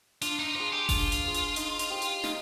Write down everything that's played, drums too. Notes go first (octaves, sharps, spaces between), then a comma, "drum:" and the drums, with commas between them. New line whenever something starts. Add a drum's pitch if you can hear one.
D4 F4, drum: hi-hat
D#4
F4 G#4 C5
G4
D4 F4, drum: kick F#1, open hi-hat
drum: hi-hat
G#4 C5
drum: hi-hat
D#4, drum: hi-hat
drum: hi-hat
G4 C5
drum: hi-hat
D#4, drum: snare